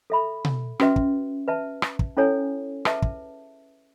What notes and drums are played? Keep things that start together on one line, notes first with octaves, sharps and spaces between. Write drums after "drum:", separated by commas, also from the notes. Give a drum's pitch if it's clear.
A4 E5 B5
drum: tom B2
C#4 F#4 B4 E5, drum: rim click
drum: kick
B4 E5 A5
drum: rim click
drum: kick
C#4 E4 A4 C#5 G#5
G#4 B4 E5 A5, drum: rim click
drum: kick